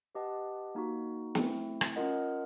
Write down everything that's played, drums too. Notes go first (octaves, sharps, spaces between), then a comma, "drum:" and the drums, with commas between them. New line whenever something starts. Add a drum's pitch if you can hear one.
G4 B4 D#5 F#5 A5
A#3 D#4 F#4
A3 C4 E4, drum: snare
drum: rim click
C#4 F4 A#4 D#5 F#5